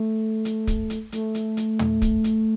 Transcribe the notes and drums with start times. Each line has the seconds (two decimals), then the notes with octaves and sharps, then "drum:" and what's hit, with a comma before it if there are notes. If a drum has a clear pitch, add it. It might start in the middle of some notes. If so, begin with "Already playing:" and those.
Already playing: A3
0.45 drum: hi-hat
0.67 drum: kick, hi-hat
0.90 drum: hi-hat
1.12 A3, drum: hi-hat
1.35 drum: hi-hat
1.57 drum: hi-hat
1.79 drum: tom
2.02 drum: kick, hi-hat
2.24 drum: hi-hat